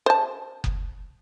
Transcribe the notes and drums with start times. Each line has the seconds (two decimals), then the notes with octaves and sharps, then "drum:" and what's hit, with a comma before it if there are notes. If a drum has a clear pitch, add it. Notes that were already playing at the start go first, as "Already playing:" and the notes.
0.06 C5 A5
0.64 drum: kick F#1